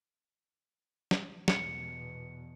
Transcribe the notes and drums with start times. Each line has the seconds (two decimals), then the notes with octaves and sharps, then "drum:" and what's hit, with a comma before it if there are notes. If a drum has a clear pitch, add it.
1.11 drum: snare
1.48 E2 B2 C#7, drum: snare